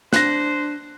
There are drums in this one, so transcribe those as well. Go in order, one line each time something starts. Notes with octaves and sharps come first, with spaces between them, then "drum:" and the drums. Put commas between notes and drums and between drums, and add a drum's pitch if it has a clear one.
D4 C5 F#6 A#6, drum: snare